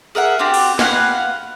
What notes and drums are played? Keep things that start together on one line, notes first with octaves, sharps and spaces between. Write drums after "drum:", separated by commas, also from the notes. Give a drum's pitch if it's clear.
G#4 A#4 E5 F#5
C4 D4 F#4 G4
drum: open hi-hat
B4 F5 F#5 G#5, drum: snare